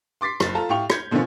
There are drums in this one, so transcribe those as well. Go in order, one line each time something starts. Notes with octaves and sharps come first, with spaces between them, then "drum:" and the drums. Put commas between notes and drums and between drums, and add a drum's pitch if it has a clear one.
C6 D6 A6 B6 C7
F#1 A6, drum: rim click
F4 A4 F5 A5 A#5
A2 G4 F5 G5 C#6 F7
G6 G#6 C#7, drum: rim click
B2 D3 D#3 F3 C4 C#4